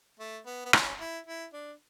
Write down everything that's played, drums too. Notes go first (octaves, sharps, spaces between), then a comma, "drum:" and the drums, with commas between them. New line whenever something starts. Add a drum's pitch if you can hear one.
A3
B3
B3
C#4, drum: rim click
E4
E4
D4